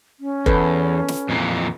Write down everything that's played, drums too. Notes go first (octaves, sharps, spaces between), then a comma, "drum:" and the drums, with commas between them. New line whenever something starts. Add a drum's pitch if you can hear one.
C#4
E2 A4 B4, drum: kick F1
drum: snare
F2 A#2 E3